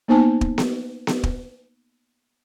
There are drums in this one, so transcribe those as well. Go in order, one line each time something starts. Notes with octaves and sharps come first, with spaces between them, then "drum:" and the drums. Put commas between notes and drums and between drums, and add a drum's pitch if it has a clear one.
A#3 B3 D#4 C5 G#5 A5
drum: kick
drum: snare B3
drum: snare B3
drum: kick